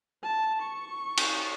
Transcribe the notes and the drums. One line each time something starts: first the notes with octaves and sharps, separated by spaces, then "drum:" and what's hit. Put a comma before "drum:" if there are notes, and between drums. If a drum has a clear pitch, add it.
A5
C#6
drum: cymbal